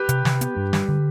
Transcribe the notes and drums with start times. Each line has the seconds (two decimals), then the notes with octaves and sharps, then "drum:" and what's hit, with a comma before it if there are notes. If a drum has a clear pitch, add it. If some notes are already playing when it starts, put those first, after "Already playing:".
Already playing: G4 B4
0.09 C3, drum: hi-hat
0.25 C3, drum: snare
0.41 B3, drum: hi-hat
0.57 G2
0.73 G3, drum: snare
0.88 D3